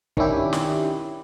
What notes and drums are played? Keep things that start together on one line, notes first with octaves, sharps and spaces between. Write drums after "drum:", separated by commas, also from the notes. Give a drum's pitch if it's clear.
D#3 C#4 D4 E4 G4, drum: kick
drum: snare